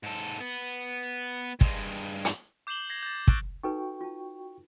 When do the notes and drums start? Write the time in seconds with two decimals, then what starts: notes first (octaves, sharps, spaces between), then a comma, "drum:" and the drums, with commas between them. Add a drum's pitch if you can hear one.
0.03 G#2 A4
0.41 B3
1.61 G2 G#3, drum: kick
2.25 drum: hi-hat
2.67 D6 G6 C7 E7 F#7 G7
2.90 G#6 A#6 C7
3.03 G6 A6
3.15 G6
3.28 C#6 E6 F#6 A6 D7 G7, drum: kick
3.63 D#4 F#4 A4 B4 G5 C#6
4.01 F4 A5